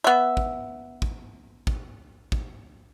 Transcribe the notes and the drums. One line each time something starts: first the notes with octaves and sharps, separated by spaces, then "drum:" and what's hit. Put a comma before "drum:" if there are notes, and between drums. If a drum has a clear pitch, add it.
B3 E5
drum: kick
drum: kick
drum: kick
drum: kick